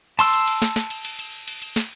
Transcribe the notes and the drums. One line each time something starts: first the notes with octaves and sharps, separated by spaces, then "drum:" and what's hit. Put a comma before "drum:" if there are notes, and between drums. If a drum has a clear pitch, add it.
A5 C6 E6, drum: cymbal
drum: cymbal
drum: cymbal
drum: snare
drum: snare
drum: cymbal
drum: cymbal
drum: cymbal
drum: cymbal
drum: cymbal
drum: snare